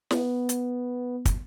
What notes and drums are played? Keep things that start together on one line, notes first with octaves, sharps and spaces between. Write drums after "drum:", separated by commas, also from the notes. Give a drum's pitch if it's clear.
B3, drum: snare
drum: hi-hat
drum: kick, hi-hat